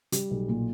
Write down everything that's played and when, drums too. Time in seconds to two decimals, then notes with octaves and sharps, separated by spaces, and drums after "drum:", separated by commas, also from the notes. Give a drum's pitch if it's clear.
0.12 G3, drum: hi-hat
0.31 B1
0.48 A#2